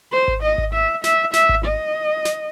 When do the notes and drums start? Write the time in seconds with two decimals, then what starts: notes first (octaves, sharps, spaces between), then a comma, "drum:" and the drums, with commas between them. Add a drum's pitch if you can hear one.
0.12 C5
0.28 drum: kick G#1
0.43 D#5
0.58 drum: kick G#1
0.74 E5
1.04 E5, drum: snare
1.33 E5, drum: snare
1.49 drum: kick G#1
1.65 D#5
2.25 drum: snare